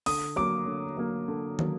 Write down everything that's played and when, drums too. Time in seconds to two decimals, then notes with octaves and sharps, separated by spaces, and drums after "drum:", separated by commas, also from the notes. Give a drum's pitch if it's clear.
0.06 D3 D#6, drum: open hi-hat
0.36 F#3 A#3 D6
0.67 D3
0.97 F#3 A#3
1.28 D3
1.59 F#3 A#3, drum: tom